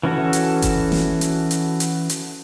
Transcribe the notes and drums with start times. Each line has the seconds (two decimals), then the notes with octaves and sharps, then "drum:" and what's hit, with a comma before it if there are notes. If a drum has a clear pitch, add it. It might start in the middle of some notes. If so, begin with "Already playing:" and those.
0.03 E3 C#4 F#4 A4
0.33 drum: hi-hat
0.62 drum: kick G1, hi-hat
0.92 drum: snare
1.21 drum: hi-hat
1.51 drum: hi-hat
1.80 drum: hi-hat
2.10 drum: hi-hat